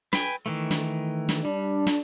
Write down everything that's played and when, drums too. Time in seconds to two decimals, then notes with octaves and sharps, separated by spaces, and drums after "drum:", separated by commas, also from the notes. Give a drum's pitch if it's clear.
0.13 B4 G5 G#5, drum: snare
0.46 D#3 E3 A3
0.71 drum: snare
1.29 drum: snare
1.45 G3 D4
1.87 drum: snare